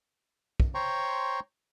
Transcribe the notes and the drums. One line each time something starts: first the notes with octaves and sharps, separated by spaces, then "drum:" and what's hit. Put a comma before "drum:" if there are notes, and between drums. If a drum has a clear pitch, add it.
drum: kick
C5 C#5 G5 A#5 C6 C#6